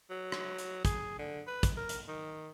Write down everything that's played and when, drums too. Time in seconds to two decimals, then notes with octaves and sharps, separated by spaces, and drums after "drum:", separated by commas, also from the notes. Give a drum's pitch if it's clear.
0.10 F#3
0.32 drum: rim click
0.58 drum: hi-hat
0.85 G#4, drum: kick, hi-hat
1.19 D3
1.47 B4
1.63 drum: kick, hi-hat
1.77 A#4
1.89 drum: hi-hat
2.08 D#3